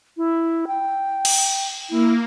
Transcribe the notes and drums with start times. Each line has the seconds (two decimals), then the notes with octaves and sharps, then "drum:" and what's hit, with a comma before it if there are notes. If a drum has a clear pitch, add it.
0.17 E4
0.67 G5
1.25 drum: cymbal
1.90 A#3 E4